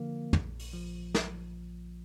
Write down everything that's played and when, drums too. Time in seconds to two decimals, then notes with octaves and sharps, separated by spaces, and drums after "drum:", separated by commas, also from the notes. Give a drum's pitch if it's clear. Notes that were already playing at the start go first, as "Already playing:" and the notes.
Already playing: D3 F3 A#3
0.33 A#1, drum: tom
0.60 drum: open hi-hat
0.74 F3
1.15 drum: snare